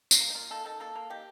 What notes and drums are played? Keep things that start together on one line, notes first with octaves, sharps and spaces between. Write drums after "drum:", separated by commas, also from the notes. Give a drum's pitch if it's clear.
drum: tambourine
A#3
D#4
A#3 F4
D#3 A4
D#3 A4
A#3 A4
A#3
D#3 G4